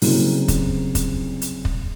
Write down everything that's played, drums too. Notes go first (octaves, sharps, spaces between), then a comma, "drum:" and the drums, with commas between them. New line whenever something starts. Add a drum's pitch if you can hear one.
C2 C#3 F#3 A#3 C4, drum: open hi-hat
drum: kick, hi-hat
drum: kick, hi-hat
drum: hi-hat
drum: kick